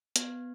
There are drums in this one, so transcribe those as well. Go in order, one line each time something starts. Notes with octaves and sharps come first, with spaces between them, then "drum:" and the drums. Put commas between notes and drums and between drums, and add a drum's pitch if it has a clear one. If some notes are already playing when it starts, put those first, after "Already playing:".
B3, drum: hi-hat